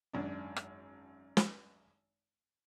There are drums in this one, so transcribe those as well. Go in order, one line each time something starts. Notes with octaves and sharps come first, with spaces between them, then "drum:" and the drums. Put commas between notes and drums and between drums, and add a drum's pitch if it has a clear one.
G#1 F#2 D4
drum: rim click
drum: snare